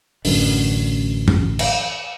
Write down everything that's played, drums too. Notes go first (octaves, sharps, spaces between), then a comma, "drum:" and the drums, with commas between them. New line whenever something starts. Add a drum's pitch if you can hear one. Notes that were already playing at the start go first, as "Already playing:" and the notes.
A1 F#2 D3, drum: open hi-hat
drum: tom F#2
drum: cymbal